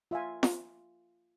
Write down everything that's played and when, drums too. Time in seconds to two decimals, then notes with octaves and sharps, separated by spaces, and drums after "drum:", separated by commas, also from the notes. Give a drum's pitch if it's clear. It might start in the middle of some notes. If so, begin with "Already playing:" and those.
0.11 F4 E5 F5 G#5
0.43 drum: snare